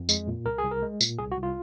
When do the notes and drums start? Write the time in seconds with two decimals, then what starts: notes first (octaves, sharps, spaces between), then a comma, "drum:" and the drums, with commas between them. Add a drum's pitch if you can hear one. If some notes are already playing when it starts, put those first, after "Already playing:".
Already playing: F2
0.09 G#3, drum: tambourine
0.28 A#2
0.46 C2 A#4
0.58 G#4
0.64 C2
0.71 A#4
0.82 G#3
1.01 A#2, drum: tambourine
1.18 C2 G#4
1.32 F#4
1.37 C2
1.43 F4